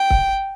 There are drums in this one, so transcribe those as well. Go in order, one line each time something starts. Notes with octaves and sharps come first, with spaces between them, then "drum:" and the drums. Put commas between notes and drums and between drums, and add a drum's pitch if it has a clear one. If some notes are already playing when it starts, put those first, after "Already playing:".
Already playing: G5
drum: kick